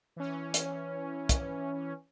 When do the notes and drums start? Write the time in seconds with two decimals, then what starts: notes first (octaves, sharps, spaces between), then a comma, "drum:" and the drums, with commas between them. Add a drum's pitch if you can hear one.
0.16 E3 C#4
0.54 drum: hi-hat
1.29 drum: kick, hi-hat